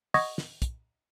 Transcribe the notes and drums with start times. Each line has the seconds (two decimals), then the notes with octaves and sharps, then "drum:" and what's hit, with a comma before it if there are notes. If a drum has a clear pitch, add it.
0.14 D#5 F#5 C#6 D#6 G#6 A#6, drum: open hi-hat
0.38 drum: snare
0.62 drum: kick, hi-hat